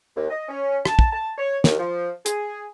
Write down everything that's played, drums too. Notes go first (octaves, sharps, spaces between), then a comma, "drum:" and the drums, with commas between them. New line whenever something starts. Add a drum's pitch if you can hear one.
D#2
D#5
C#4
A5, drum: rim click
drum: kick
A5
C#5
D#2, drum: snare
F3
G#4, drum: hi-hat